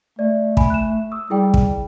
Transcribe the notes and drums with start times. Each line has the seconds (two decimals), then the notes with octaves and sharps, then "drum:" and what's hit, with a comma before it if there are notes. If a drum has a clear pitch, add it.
0.19 A3 D5
0.57 G#5 B5, drum: kick
0.70 F#6 E7
1.11 C#6 D#6 E6
1.30 G3 E4 G#4 G5
1.54 drum: kick